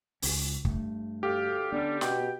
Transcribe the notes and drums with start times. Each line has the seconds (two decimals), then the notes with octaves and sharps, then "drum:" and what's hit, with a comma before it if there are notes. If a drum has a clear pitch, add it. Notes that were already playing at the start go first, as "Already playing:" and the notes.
0.22 C#2 C#4, drum: open hi-hat
0.65 G2 A3, drum: kick
1.23 D2 G4 A4 F5
1.72 D3 G3 B3 C#4 D4
2.01 B2 G5, drum: snare